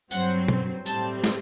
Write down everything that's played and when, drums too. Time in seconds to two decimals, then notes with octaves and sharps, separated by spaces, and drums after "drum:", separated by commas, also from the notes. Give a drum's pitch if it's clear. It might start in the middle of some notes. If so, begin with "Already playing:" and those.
0.11 G2 F#3 C4 F#5, drum: tambourine
0.48 drum: tom B2
0.86 A2 G3 C4 A5, drum: tambourine
1.24 drum: snare